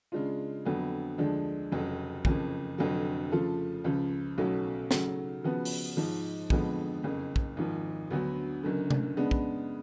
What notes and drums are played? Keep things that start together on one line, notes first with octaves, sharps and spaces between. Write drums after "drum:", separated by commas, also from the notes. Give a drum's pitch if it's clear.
C#3 G#3 D4 F4
F2 D3 F#3 B3
D2 D3 F3 G#3 D4
F1 F2 C#3 F#3
F#1 F2 C#3 F3, drum: kick
F1 F2 D3 F#3
C#3 F3 A3 F4 A4
C#2 C#3 F3
B1 B2 F#3 A3 C#4
C#3 F#3 A3, drum: snare
C#3 F3 B3 F#4 B4
drum: open hi-hat
G#2 F3 G#3
F2 D3 F3 G#3 B3, drum: kick
F#1 F2 C#3
drum: kick
G#1 G#2 F3
D2 D3 F#3 B3 F#4
F#1 F#2 D3
drum: tom C3
C#3 G#3 B3 D4
drum: kick